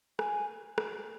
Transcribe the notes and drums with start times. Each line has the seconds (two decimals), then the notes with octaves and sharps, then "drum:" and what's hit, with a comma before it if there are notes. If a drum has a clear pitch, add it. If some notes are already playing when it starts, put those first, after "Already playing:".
0.19 G#5, drum: rim click
0.78 drum: rim click